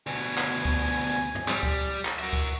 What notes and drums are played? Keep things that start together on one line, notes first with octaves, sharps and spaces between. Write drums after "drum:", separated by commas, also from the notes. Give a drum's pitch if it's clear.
D2 B2 G#5, drum: tambourine
drum: tambourine
drum: clap
drum: tambourine
drum: kick C#2, tambourine
drum: tambourine
drum: tambourine
drum: tambourine
drum: tambourine
drum: tom
G3, drum: clap
drum: kick C#2, tambourine
drum: tambourine
drum: tambourine
drum: clap
F#4 A#4 E5, drum: tambourine
drum: kick C#2, tambourine